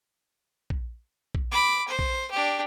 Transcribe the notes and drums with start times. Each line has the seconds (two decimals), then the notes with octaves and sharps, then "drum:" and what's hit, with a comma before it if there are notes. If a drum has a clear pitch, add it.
0.70 drum: kick A#1
1.35 drum: kick A#1
1.52 B5 D6
1.88 C5
1.99 drum: kick A#1
2.31 D4 G4